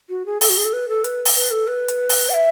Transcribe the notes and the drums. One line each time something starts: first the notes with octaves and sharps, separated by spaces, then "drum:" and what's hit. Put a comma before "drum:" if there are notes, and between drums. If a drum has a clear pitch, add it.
F#4
G#4
A4, drum: open hi-hat
F#4
G#4
A4
B4
A4
B4, drum: hi-hat
drum: open hi-hat
B4
A4
B4
drum: hi-hat
drum: open hi-hat
F#5
E5